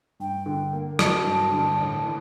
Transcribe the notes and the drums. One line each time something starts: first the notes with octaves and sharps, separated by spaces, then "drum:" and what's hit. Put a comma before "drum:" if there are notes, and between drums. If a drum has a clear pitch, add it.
G2 G5
D3
A#3
F#3 A5, drum: rim click
G2
D3
A2
E3